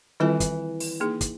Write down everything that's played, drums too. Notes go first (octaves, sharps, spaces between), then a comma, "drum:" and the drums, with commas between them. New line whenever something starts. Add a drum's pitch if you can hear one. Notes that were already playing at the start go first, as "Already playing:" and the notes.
D#3 E3 G3 C4 F4 A4
drum: kick, hi-hat
drum: open hi-hat
A#3 D#4 G#4
drum: kick, hi-hat